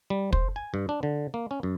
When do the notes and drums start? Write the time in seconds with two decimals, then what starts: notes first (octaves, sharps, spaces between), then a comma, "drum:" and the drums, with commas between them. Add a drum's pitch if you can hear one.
0.10 G3
0.33 C5, drum: kick
0.56 G#5
0.74 G2
0.89 D4
1.03 D3
1.34 A#3
1.51 C#4
1.63 F#2